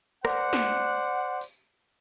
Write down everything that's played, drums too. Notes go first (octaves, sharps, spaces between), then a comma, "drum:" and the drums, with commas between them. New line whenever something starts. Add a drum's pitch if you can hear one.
C5 D5 F#5, drum: rim click
drum: snare
drum: tambourine